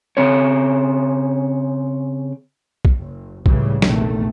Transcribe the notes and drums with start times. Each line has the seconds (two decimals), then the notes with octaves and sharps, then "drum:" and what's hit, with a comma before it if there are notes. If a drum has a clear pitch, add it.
0.17 C#3 C4 C#5
2.85 drum: kick
2.97 F#1
3.46 C#2 A2 C#3 E3 G3, drum: kick
3.82 A#1 E2 C3 D#3 A3, drum: snare